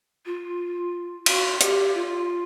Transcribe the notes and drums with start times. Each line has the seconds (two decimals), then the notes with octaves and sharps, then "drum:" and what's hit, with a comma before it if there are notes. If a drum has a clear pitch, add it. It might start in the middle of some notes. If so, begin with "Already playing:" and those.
0.26 F4
1.26 F#4, drum: cymbal
1.61 G4, drum: hi-hat
1.95 F4